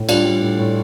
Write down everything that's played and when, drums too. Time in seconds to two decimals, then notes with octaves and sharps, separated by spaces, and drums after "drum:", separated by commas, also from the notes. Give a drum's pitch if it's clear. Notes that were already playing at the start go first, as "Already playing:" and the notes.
Already playing: A2
0.09 G3 D4 F4, drum: cymbal
0.25 G3
0.41 A2
0.59 A2